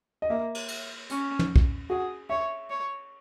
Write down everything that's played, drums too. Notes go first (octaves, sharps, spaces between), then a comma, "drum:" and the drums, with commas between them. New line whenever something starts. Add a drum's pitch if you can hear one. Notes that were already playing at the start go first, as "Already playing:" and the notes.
D#5
A#3 E5
drum: cymbal
drum: cymbal
C#4, drum: hi-hat
drum: tom
drum: kick
F#4 G#4
C#5 E5
C#5